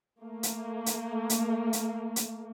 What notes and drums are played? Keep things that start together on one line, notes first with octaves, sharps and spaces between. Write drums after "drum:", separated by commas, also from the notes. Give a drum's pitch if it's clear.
A3 A#3
drum: hi-hat
drum: hi-hat
drum: hi-hat
drum: hi-hat
drum: hi-hat